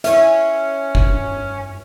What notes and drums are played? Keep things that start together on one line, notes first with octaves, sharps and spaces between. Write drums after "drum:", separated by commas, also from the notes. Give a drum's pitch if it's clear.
C#4 E5, drum: hi-hat
drum: kick